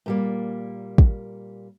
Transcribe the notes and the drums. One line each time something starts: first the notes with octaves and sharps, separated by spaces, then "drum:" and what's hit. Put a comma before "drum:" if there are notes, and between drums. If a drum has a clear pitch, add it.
A#2 G3 A#3
drum: kick